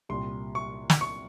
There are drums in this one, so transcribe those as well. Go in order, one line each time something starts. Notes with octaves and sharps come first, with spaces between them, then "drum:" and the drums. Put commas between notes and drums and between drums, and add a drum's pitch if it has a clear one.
C2 A#2 G3 C6
C#6
drum: snare
C#6